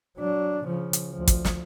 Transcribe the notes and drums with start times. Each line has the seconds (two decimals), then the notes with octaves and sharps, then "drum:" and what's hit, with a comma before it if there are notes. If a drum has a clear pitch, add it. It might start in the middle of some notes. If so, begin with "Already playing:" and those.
0.18 F#3 D4
0.65 C#3 F3
0.93 drum: hi-hat
1.10 D2 F3
1.27 drum: kick, hi-hat
1.45 drum: snare